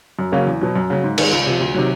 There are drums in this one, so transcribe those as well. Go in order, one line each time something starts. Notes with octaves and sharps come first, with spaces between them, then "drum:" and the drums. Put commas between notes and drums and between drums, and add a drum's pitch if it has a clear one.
F#2
C#3 F#3 A#3 C#4
E2
B2 F#3
F#2
C#3 F#3
G#2
D#3 G#3, drum: cymbal
C#2
C3 F3
D2
C3 D#3 F#3